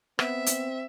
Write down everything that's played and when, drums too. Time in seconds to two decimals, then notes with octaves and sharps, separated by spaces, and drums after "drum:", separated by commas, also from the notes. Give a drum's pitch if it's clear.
0.19 B3 C4 E5, drum: rim click
0.46 drum: hi-hat